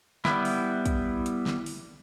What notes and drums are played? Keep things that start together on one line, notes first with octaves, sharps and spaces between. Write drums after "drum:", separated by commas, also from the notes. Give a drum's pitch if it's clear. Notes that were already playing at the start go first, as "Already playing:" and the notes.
G3 B3 E4, drum: snare
drum: open hi-hat
drum: kick, hi-hat
drum: hi-hat
drum: snare
drum: open hi-hat